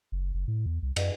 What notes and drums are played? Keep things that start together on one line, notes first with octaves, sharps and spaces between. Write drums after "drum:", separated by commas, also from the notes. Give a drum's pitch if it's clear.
F#1
F#1
A2
E2
C2
F#2, drum: cymbal